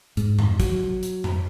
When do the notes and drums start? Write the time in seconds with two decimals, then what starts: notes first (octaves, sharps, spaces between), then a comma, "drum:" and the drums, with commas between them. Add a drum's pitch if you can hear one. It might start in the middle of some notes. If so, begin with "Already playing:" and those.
0.17 G#2, drum: hi-hat
0.39 drum: tom F2
0.60 F#3, drum: kick, hi-hat
1.03 drum: hi-hat
1.24 drum: tom F2